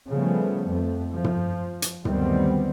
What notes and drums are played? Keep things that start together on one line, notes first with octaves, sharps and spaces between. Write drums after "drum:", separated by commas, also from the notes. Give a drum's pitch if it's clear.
C#3 F3 G3 A3 B3
F2 A3
F3
drum: tom
drum: hi-hat
D2 D#3 F#3 G3 B3 C4, drum: tom